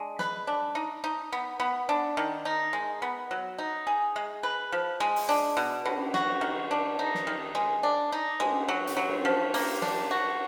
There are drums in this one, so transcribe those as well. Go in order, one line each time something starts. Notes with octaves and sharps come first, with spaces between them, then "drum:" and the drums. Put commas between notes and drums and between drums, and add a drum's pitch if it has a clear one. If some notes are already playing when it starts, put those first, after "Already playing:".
Already playing: G#3 D4
B4, drum: snare
D4
D#4
D#4
B3
B3
D4
D#3
D#4
G#3
B3
F#3
D#4
G#4
G#3
B4
F3
G#3
drum: open hi-hat
D4
B2
B2, drum: cymbal
F#4, drum: snare
D#3
D4
D#4
drum: snare
D#3
G#3
D4
D#4
G#3, drum: cymbal
F#3
drum: hi-hat
F#3
drum: cymbal
F3
A#3, drum: open hi-hat
D4, drum: snare
F#4